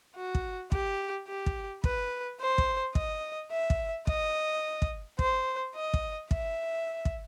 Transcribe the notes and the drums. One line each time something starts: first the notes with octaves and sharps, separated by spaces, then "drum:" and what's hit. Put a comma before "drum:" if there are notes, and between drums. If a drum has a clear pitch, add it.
F#4
drum: kick
G4, drum: kick
G4
drum: kick
B4, drum: kick
C5
drum: kick
D#5, drum: kick
E5
drum: kick
D#5, drum: kick
drum: kick
C5, drum: kick
D#5
drum: kick
E5, drum: kick
drum: kick